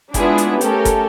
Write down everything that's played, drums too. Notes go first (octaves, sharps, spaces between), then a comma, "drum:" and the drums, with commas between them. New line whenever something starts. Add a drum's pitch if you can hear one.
G#3 B3 D4 E4 F4 G#4, drum: kick F#1, hi-hat
drum: hi-hat
A3 C#4 G4 A4 A#4, drum: hi-hat
drum: kick F#1, hi-hat